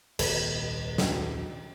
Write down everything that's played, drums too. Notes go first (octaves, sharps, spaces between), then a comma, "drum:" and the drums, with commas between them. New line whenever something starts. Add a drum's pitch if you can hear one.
D#1 C2 A#2 A4 B4, drum: cymbal
drum: snare